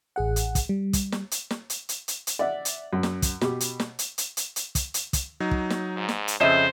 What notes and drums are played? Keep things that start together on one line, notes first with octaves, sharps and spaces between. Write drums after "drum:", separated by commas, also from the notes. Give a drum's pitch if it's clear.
A1 G#4 F#5
drum: hi-hat
drum: kick, hi-hat
G3
drum: kick, hi-hat
drum: snare
drum: hi-hat
drum: snare
drum: hi-hat
drum: hi-hat
drum: hi-hat
drum: hi-hat
D5 E5 F#5
drum: hi-hat
F#2
drum: snare
drum: kick, hi-hat
B2 G4, drum: snare
drum: hi-hat
drum: snare
drum: hi-hat
drum: hi-hat
drum: hi-hat
drum: hi-hat
drum: kick, hi-hat
drum: hi-hat
drum: kick, hi-hat
F#3 D#4
drum: kick
drum: snare
G#2
drum: snare
drum: hi-hat
F2 C#3 A4 C5 D#5 E5